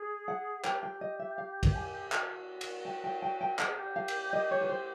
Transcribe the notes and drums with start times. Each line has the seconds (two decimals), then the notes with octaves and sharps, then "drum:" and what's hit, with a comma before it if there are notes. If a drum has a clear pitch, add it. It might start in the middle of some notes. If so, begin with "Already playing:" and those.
Already playing: G#4
0.28 F#5
0.64 G4 G5, drum: clap
0.83 G5
1.01 D#5
1.19 E5
1.38 F5
1.63 drum: kick, cymbal
1.75 G#5
2.12 F#4, drum: clap
2.61 drum: cymbal
2.85 G5
3.04 G5
3.22 G5
3.41 G5
3.59 G4 F#5, drum: clap
3.68 G#4
3.76 G4
3.96 F5
4.08 drum: cymbal
4.33 D#5
4.51 C#5
4.61 B4
4.69 C5